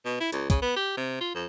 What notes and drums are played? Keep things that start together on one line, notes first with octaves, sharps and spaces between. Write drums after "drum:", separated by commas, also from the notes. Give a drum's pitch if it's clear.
B2
E4
C#2, drum: hi-hat
C#3, drum: kick, hi-hat
B3
G4
C3
F4
F2